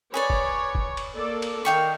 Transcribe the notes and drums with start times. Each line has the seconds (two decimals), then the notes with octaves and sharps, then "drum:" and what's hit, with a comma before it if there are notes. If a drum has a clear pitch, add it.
0.14 G#4 B4 C#5 D5
0.30 drum: kick
0.75 drum: kick
0.97 drum: cymbal
1.13 A#3 A4 D5
1.42 drum: cymbal
1.65 D#3 F5 G5 C#6